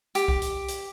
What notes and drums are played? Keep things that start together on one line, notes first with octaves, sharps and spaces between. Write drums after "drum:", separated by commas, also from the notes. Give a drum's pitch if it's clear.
G4, drum: hi-hat
drum: kick C2
drum: hi-hat
drum: hi-hat